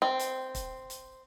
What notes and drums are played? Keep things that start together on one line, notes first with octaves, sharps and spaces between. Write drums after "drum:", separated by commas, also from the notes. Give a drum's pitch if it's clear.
C4
drum: hi-hat
drum: kick, hi-hat
drum: hi-hat